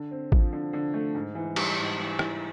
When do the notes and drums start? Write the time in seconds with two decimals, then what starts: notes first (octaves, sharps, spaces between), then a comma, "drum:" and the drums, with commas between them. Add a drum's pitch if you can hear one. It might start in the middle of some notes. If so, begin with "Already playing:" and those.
Already playing: D3
0.11 C4
0.32 F3, drum: kick A1
0.53 D3
0.73 D3
0.94 A3
1.15 G#2
1.35 E3
1.56 G3, drum: cymbal
1.77 G#2
1.98 E3
2.19 E3, drum: rim click